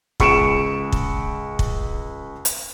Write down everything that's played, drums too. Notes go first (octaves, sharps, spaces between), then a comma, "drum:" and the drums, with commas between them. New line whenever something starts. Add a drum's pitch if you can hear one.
C#2 C#6 C#7 D7 E7, drum: kick
drum: kick
drum: kick
drum: hi-hat